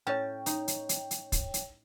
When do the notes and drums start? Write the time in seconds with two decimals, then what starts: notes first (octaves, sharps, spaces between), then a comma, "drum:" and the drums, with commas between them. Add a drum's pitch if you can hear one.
0.07 A2 C#4 C#5 G5 A5
0.46 D#4, drum: hi-hat
0.68 drum: hi-hat
0.89 drum: hi-hat
1.11 drum: hi-hat
1.32 drum: kick, hi-hat
1.54 drum: hi-hat